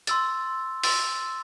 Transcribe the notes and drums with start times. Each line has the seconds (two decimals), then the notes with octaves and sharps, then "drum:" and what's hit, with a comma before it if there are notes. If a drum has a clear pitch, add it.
0.07 C6 E6 A6, drum: hi-hat
0.83 C6 E6 A6, drum: open hi-hat